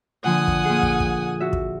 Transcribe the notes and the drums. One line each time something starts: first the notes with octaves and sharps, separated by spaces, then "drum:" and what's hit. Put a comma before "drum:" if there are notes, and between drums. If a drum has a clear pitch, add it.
A#2 D3 F3 F#5 G#5 D#6
drum: kick
A#2 G#4
drum: kick
drum: kick
F#4 E5
drum: kick